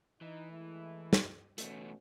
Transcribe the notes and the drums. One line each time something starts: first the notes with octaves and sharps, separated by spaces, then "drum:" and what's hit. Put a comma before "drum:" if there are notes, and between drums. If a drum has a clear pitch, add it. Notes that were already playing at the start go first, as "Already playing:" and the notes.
E3 D#4
G#3 A3 E4
drum: snare
E2 B2 A3 C#4, drum: hi-hat